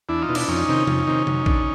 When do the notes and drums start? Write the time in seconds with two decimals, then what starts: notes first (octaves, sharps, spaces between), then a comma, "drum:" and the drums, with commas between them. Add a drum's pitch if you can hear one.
0.09 E2 D4 E4
0.22 D#4 F4
0.29 B2
0.35 D4 E4, drum: cymbal
0.48 F2 C#4 D#4
0.69 C3 D#3
0.87 F2, drum: tom C3
1.07 C3 D#3
1.27 F#2, drum: tom C3
1.46 D3, drum: kick